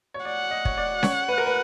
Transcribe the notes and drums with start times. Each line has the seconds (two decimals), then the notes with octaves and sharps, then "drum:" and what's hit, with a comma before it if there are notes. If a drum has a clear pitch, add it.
0.14 C#5
0.25 D5 F#5
0.51 D#5
0.65 C#5, drum: kick
0.78 D5
1.03 C#5, drum: snare C#4
1.28 B4
1.38 A#4
1.46 B4